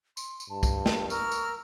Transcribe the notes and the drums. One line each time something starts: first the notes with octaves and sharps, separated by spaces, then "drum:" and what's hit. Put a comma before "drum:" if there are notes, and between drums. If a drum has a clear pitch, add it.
C6, drum: tambourine
drum: tambourine
G2 A5
drum: kick, tambourine
drum: snare
A#4 C#6 E6 F6, drum: tambourine
drum: tambourine